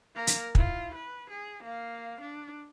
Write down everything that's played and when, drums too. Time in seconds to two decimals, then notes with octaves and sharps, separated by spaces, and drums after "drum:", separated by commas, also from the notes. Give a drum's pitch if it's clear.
0.15 A#3 A#4
0.27 drum: hi-hat
0.55 E4 F4, drum: kick
0.95 B4
1.30 G#4
1.64 A#3 F5
2.21 D4